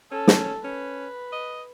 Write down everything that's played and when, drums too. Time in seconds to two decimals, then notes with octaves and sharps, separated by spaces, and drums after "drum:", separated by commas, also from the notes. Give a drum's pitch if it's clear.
0.12 C#4 A4
0.28 drum: snare
0.64 C#4 B4
1.33 D#5